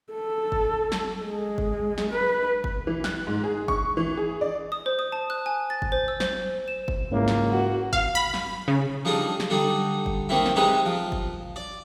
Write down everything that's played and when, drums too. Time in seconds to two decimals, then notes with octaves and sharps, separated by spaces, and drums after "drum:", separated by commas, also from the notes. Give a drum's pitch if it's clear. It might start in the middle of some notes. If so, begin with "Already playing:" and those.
0.14 A4
0.52 drum: kick G1
0.92 drum: snare
1.22 G#3
1.58 drum: kick G1
1.98 drum: snare
2.11 B4
2.64 drum: kick G1
2.87 E3
3.04 F#6, drum: snare
3.27 G#2
3.44 G#4
3.68 C#6, drum: kick G1
3.97 E3
4.17 G#4
4.41 D5
4.72 D#6
4.86 C5
4.99 D#6
5.12 A5
5.30 F#6
5.46 G#5
5.70 A6
5.82 drum: kick G1
5.92 C5
6.08 E6
6.20 C5, drum: snare
6.68 E7
6.88 drum: kick G1
7.12 C#2 G#2 A#3 C#4 E4
7.28 drum: snare
7.51 F#4
7.93 F5, drum: kick G1
8.15 B5
8.34 drum: snare
8.68 C#3
9.05 F3 G3 D4 D#4 G#4
9.40 drum: snare
9.50 D3 G3 D4 D#4
10.06 drum: kick G1
10.29 D#3 A#3 C4 E4
10.46 drum: snare
10.56 C3 G#3 C4 D#4 B4
10.85 F3
11.12 drum: kick G1
11.56 D5